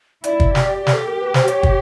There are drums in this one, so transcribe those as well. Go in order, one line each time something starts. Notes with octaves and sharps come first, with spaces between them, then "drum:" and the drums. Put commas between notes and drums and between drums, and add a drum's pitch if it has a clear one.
E4 D5, drum: hi-hat
drum: kick
G4, drum: snare
G4, drum: snare
A4
A#4
B4
C5, drum: snare
C#5, drum: hi-hat
drum: kick